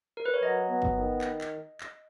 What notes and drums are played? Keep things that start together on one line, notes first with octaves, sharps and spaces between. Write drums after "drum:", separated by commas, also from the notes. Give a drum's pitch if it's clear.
A#4
B4
C#5
F#3 D#5
B3
drum: kick G1
D#3
drum: clap
drum: clap
drum: clap